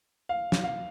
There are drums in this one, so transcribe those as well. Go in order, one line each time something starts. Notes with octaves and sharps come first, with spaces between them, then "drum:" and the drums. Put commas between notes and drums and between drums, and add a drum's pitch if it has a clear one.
F5
drum: snare
F5